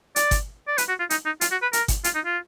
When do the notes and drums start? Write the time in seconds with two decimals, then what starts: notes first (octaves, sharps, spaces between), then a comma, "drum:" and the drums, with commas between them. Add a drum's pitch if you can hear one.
0.16 D5, drum: hi-hat
0.31 drum: kick G1, hi-hat
0.68 D5
0.78 B4, drum: hi-hat
0.89 F#4
1.00 F4
1.10 D#4, drum: hi-hat
1.26 D#4
1.41 F4, drum: hi-hat
1.51 F#4
1.62 B4
1.73 A#4, drum: hi-hat
1.88 drum: kick G1, hi-hat
2.04 F4, drum: hi-hat
2.15 D#4
2.25 F4